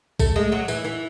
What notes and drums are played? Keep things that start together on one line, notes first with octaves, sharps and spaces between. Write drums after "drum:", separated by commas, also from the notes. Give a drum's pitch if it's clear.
A3, drum: kick A#1, tambourine
G#3
F#3
E3, drum: tambourine
E3